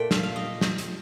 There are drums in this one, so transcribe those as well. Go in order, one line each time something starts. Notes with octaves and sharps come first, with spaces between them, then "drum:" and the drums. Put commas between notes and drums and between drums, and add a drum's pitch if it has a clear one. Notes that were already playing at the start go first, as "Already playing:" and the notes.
Already playing: A#2 A3 D5 G5
F5, drum: snare
F5
D#5
drum: snare
drum: hi-hat